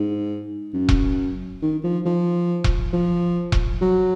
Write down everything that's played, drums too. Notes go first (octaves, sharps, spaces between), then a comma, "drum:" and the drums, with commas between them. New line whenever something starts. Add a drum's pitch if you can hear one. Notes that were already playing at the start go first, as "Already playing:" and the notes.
Already playing: G#2
F#2
drum: kick E1
D#3
F3
F3
drum: kick E1
F3
drum: kick E1
F#3